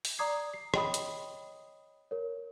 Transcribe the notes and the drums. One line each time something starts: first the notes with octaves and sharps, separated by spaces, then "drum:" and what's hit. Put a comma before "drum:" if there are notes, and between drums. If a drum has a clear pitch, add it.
drum: open hi-hat
D5 A#5 D6 D#6 G#6 C7
C7
C#5 D#5 G5 B5 D#6, drum: rim click
drum: hi-hat
A#4 C#5